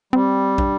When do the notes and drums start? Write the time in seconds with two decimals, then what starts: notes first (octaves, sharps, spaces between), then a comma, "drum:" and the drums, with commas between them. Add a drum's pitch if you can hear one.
0.13 G3 C4
0.58 D4, drum: kick